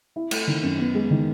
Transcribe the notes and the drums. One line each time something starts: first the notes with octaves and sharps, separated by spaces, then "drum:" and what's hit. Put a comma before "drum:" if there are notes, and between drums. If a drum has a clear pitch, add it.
E4
A3, drum: cymbal
D#3
F#2
B3
G#3
D#3